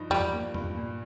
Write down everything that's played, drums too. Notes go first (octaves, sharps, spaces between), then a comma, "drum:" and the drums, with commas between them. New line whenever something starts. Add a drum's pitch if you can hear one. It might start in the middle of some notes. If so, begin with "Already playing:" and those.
Already playing: G2 F3 D#4
F3 G3, drum: tom E2
A#3
G2, drum: tom E2
A#2